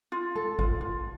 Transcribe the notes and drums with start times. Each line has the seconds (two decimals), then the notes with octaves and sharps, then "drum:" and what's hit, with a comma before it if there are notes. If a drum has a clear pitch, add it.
0.12 F4
0.35 A4, drum: tom G#3
0.59 F4, drum: kick
0.81 F4